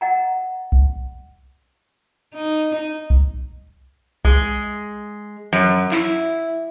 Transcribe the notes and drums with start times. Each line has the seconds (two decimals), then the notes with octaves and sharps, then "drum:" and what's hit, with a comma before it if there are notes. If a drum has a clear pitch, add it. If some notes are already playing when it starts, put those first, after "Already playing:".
0.01 D#5 F#5 A#5
0.72 drum: kick B1
2.35 D#4
3.10 drum: kick B1
4.25 G#3, drum: kick B1
5.53 F#2
5.92 E4, drum: clap